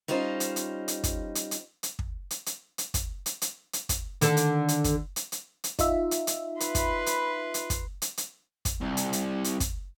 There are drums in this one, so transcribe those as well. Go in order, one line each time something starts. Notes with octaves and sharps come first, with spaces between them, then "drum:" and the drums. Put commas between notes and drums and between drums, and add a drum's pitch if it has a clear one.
G3 C#4 D#4 F4 C5
drum: hi-hat
drum: hi-hat
drum: hi-hat
drum: kick, hi-hat
drum: hi-hat
drum: hi-hat
drum: hi-hat
drum: kick
drum: hi-hat
drum: hi-hat
drum: hi-hat
drum: kick, hi-hat
drum: hi-hat
drum: hi-hat
drum: hi-hat
drum: kick, hi-hat
D3 D#3 A4, drum: hi-hat
drum: hi-hat
drum: hi-hat
drum: kick, hi-hat
drum: hi-hat
drum: hi-hat
drum: hi-hat
D#4 F4 E5, drum: kick, hi-hat
drum: hi-hat
drum: hi-hat
B4 B5 C6, drum: hi-hat
drum: kick, hi-hat
drum: hi-hat
drum: hi-hat
drum: kick, hi-hat
drum: hi-hat
drum: hi-hat
drum: kick, hi-hat
C2
drum: hi-hat
drum: hi-hat
drum: hi-hat
drum: kick, hi-hat